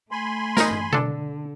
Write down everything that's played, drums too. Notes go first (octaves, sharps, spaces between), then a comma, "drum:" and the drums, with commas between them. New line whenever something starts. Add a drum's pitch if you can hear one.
A3 G#5 B5 C6
D#4 A#4, drum: snare
drum: tom
D3 D4 A4, drum: tom B2